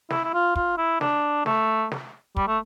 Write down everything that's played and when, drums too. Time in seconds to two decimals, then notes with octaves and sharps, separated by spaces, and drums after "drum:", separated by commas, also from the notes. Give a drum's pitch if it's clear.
0.10 E4, drum: snare
0.24 E4
0.34 F4
0.56 F4, drum: kick
0.78 E4
1.01 D4, drum: snare
1.46 A3, drum: snare
1.91 drum: snare
2.37 G3, drum: kick
2.47 A3